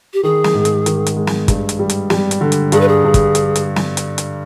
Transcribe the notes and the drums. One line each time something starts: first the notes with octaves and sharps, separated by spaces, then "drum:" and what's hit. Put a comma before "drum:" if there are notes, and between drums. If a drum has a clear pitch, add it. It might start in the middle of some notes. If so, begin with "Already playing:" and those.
G4
D#3 G#4
drum: snare
G#2
drum: hi-hat
D#3, drum: hi-hat
drum: hi-hat
G#3
drum: snare
G2, drum: kick, hi-hat
drum: hi-hat
G3
drum: hi-hat
G3, drum: snare
drum: hi-hat
D3
drum: hi-hat
G2 G#4, drum: hi-hat
B4
G#4
G2
drum: kick, hi-hat
drum: hi-hat
drum: hi-hat
drum: snare
drum: hi-hat
drum: hi-hat